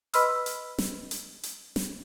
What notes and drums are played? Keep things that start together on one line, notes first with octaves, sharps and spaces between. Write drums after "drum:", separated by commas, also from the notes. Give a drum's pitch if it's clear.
B4 D#5 B5 C6 E6 F6, drum: hi-hat
drum: hi-hat
drum: snare
drum: hi-hat
drum: hi-hat
drum: snare